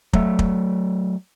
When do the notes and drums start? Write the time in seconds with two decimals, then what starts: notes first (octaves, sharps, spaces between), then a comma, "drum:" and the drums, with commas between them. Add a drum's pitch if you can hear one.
0.13 F#3 A3, drum: kick
0.39 drum: kick